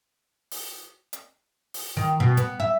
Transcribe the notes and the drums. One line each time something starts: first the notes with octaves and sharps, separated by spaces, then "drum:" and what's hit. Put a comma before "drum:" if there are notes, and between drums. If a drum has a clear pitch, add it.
drum: open hi-hat
drum: hi-hat
drum: open hi-hat
D#3
B2
B3, drum: hi-hat
E5